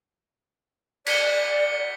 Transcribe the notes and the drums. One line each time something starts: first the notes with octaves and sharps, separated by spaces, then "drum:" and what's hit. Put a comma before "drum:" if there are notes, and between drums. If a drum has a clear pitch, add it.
D5 B6 C#7 G7, drum: cymbal